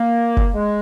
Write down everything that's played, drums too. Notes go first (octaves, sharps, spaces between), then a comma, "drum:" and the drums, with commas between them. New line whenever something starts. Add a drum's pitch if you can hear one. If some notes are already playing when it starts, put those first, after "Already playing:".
Already playing: A#3
drum: kick F#1
G#3